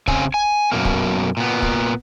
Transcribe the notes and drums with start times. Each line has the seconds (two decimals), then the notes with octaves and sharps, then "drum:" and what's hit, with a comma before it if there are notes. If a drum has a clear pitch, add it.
0.08 C#3 C4 G#5, drum: kick
0.34 G#5
0.72 F#2 B2 A#3
0.85 drum: kick
1.37 A#2 B3
1.62 drum: kick